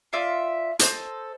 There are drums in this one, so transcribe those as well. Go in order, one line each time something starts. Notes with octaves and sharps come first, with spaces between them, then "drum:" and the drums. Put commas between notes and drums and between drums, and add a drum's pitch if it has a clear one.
F4 D5 E5 C6
A4 C5 D#5, drum: hi-hat